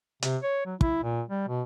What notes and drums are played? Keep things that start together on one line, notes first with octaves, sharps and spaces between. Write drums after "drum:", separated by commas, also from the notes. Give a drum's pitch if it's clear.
C3, drum: hi-hat
C#5
F#3
E4, drum: kick
A#2
G3
B2